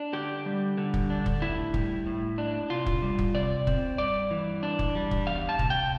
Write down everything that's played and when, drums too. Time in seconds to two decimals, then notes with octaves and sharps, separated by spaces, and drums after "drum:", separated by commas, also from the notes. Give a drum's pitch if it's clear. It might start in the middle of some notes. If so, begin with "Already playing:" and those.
Already playing: D4
0.13 D3 G4
0.46 G3
0.78 D3
0.94 drum: kick
1.10 D4
1.26 drum: kick
1.42 A2 E4
1.74 G3, drum: kick
2.06 A2
2.38 D4
2.70 C3 F4
2.86 drum: kick
3.02 G3
3.19 drum: kick
3.35 C3 D5
3.67 C4, drum: kick
3.98 G2 D5
4.31 E3
4.63 D4
4.79 drum: kick
4.95 G3
5.11 drum: kick
5.27 E2 F5
5.49 A5
5.59 C3, drum: kick
5.70 G5